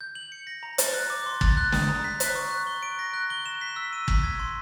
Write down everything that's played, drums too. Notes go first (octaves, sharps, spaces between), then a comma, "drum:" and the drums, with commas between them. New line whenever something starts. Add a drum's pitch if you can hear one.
G6
F#7
C#7
A#6
A#5
A6, drum: hi-hat
F#6
D6
C6
A6, drum: kick
F#6
D#6, drum: snare
A#5
B6
F#6, drum: hi-hat
C#6
F#6
G7
D7
A#6
F#6
G7
E7
B6
E6
D#7
B6, drum: kick
G#6
C6